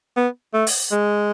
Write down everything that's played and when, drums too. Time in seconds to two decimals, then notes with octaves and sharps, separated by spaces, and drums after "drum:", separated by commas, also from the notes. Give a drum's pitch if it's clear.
0.16 B3
0.54 A3
0.67 drum: open hi-hat
0.91 G#3